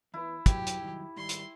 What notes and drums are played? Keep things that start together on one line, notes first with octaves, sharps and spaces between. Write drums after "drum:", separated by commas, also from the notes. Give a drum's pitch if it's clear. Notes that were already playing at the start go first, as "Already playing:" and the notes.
E2 E4 B4
F#3 G4, drum: kick, hi-hat
drum: hi-hat
C2 D#3 F#3
G#2 D#3 G3 C6
drum: hi-hat